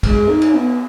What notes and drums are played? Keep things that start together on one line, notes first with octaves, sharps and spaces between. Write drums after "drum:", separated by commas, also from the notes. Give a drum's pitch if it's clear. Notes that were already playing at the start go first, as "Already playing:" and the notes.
G#3, drum: kick, cymbal
D#4
drum: cymbal
B3